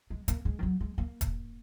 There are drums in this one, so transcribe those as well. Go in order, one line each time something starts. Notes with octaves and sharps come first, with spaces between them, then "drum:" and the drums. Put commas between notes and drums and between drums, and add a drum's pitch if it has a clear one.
G#3
A#3, drum: hi-hat
G#3
D#3
F#3
G#3
A#3
drum: kick, hi-hat